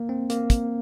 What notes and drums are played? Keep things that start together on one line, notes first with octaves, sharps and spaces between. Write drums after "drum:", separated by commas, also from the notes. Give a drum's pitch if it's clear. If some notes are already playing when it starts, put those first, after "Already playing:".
Already playing: A#3
C4
A#3, drum: hi-hat
drum: kick, hi-hat